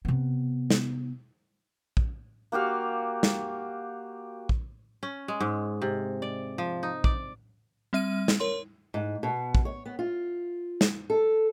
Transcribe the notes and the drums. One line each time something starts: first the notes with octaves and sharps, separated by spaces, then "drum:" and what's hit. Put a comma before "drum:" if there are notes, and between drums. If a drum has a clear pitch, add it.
C3 B3
drum: snare
drum: kick A#1
A#3 F#4 G4 F5
drum: snare
drum: kick A#1
C#4
G#3
G#2
C3
D5
F3
D#4
D5, drum: kick A#1
G3 C4 E5 F6 D#7
drum: snare
A#4 C#5 C6
G#2
B2
drum: kick A#1
C#5
B3
F4
drum: snare
A4